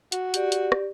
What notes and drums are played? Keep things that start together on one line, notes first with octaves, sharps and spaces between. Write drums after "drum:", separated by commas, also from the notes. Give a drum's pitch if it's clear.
F#4, drum: hi-hat
G4 D5, drum: hi-hat
drum: hi-hat
drum: rim click